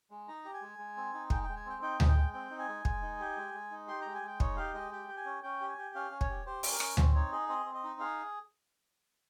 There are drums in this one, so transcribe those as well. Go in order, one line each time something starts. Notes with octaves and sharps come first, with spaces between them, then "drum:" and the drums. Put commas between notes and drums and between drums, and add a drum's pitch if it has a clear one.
G#3
D#4 A#5
G4
G#5
G#3
G#3
C4
D#4
G#3 G5, drum: kick
G5
G#3
G#5
C4 G5
D#4 G5
G#3, drum: tom D2
G5
G#3
C4 G5
D#4
G#5
G#3
G#3, drum: kick
D#4
G4
G#3
G#3
D#4
G4 C6
G#3 A#5
G#5
G#3 G5
D#4 C#5, drum: kick
G4 F5
G#3 D#5
G4 G5
G4
G#5
C#4
C#4 G5
G4
G#5
G4
C#4 F5
C#4
C#5, drum: kick
G4
G4 C5
C#4, drum: open hi-hat
A#4
C#4, drum: rim click
C4 C5, drum: tom D2
D#4 C#5
G#4 D#5
C4 D#5
C4
D#5
D#4
G#4 F5